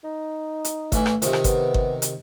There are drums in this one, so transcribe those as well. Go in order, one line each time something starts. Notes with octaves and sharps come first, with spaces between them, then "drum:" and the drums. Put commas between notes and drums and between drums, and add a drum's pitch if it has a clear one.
D#4
drum: hi-hat
A1 E3, drum: kick G1, hi-hat
drum: rim click
C3 D#3 F3, drum: hi-hat
drum: rim click
B3, drum: kick G1, hi-hat
drum: kick G1
drum: hi-hat